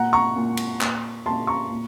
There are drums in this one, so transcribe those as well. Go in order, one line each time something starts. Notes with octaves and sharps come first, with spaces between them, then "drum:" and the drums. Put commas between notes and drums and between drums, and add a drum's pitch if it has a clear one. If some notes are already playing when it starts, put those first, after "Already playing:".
Already playing: A#2 F#5 A#5
A#5 C#6
A#2
drum: cymbal
A#2, drum: clap
A#2 A5 C6
A#5 C#6
A#2